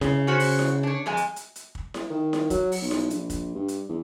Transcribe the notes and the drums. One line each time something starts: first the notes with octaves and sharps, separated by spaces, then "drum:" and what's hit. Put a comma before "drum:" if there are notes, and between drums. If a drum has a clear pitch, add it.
C#3, drum: snare E4
C#4 F#4 C5
drum: open hi-hat
drum: snare E4
D4 C#5
F2 G#3 G#5
drum: hi-hat
drum: hi-hat
drum: hi-hat
drum: kick
drum: snare E4
D#3
drum: snare E4
F#3, drum: kick, hi-hat
drum: open hi-hat
B1
drum: snare E4
A#1, drum: hi-hat
drum: kick, hi-hat
G2
drum: hi-hat
E2